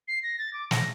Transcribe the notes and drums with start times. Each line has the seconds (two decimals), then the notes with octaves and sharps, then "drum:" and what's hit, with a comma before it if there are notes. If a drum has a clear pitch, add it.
0.08 C7
0.23 A#6
0.39 A6
0.53 D6
0.71 A#6, drum: snare